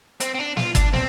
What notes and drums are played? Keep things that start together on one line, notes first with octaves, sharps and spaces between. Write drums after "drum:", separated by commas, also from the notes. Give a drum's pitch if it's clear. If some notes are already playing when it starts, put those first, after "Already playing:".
C4, drum: hi-hat
C4
D4
F4, drum: snare
D4, drum: kick, hi-hat
C4, drum: snare